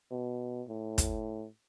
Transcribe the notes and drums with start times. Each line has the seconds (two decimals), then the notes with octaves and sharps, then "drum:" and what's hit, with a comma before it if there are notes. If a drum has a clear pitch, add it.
0.11 B2
0.69 A2
0.98 drum: kick, hi-hat